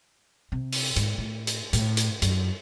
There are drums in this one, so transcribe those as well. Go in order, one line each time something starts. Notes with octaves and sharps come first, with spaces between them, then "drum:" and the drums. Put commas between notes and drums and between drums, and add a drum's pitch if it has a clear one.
C3
drum: open hi-hat
G#2, drum: hi-hat
A2
drum: hi-hat
A2, drum: hi-hat
drum: hi-hat
F#2, drum: hi-hat